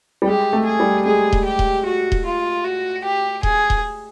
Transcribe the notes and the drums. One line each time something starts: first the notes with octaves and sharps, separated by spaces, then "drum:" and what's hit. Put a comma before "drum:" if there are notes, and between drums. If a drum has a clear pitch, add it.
G3
G#3 G4
A3
G#4
G3
G#3 G#4
drum: kick D#1
G4
drum: kick D#1
F#4
drum: kick D#1
F4
F#4
G4
G#4, drum: kick D#1
drum: kick D#1